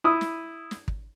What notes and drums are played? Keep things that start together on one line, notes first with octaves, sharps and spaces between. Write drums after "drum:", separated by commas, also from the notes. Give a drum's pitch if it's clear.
E4 D#6
drum: snare
drum: snare
drum: kick